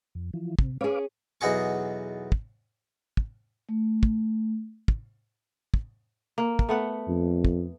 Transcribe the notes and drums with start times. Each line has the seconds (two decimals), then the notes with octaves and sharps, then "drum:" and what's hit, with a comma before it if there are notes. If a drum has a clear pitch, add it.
0.15 F2
0.33 E3 F3
0.59 C3, drum: kick
0.81 C#4 G#4 B4 F5 D6
1.41 B1 E2 D#4 F#4 G#4 C#6
2.32 drum: kick
3.17 drum: kick
3.69 A3
4.03 drum: kick
4.88 drum: kick
5.74 drum: kick
6.38 A#3
6.59 drum: kick
6.69 A3 B3 F#5
7.08 F2
7.45 drum: kick